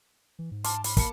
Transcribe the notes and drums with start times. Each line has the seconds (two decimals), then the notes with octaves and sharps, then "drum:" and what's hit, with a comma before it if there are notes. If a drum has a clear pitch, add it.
0.39 E3
0.51 G#2
0.64 A5 C6 D6 F6, drum: hi-hat
0.84 B5, drum: hi-hat
0.97 G1 A#3 A5 C#7, drum: kick, hi-hat